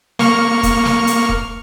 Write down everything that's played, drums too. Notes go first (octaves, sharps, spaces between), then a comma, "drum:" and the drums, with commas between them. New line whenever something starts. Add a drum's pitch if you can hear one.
A#3 C#6 F6, drum: snare
drum: kick, hi-hat
drum: snare
drum: hi-hat
drum: kick